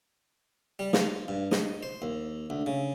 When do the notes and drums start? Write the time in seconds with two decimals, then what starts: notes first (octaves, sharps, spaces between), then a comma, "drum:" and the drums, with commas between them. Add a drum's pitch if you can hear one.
0.79 G3
0.93 F4, drum: snare
1.28 G2
1.51 D#5, drum: snare
1.83 C5
2.02 D#2
2.50 D2
2.66 C#3